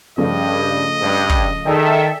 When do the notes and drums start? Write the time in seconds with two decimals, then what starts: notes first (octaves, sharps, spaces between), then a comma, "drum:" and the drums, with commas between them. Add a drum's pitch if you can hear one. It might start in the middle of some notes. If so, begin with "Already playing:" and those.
0.18 G2 C#3 F3 A3 D#5
1.02 G2
1.29 drum: kick
1.66 D#3 G#4 A4 D5 E5 G5